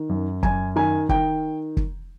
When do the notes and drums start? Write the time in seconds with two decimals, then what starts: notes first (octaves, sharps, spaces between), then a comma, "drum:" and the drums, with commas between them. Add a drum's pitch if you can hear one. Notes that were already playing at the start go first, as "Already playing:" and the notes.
Already playing: D#3
0.09 F#2
0.43 F#2 G#5, drum: kick
0.76 D#3 G#5
1.09 D#3 G5, drum: kick
1.77 drum: kick